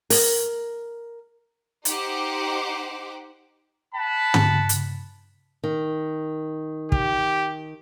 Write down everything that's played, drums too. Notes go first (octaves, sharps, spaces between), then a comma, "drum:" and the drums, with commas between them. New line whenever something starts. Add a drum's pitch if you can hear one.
A#4, drum: open hi-hat
D#4 G4 C5 F#5 D6, drum: hi-hat
F#5 A5 B5
drum: tom
drum: hi-hat
D#3
G4, drum: kick